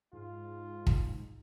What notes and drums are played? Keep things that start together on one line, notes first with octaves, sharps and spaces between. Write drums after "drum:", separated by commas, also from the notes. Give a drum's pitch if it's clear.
G#2 F4
drum: kick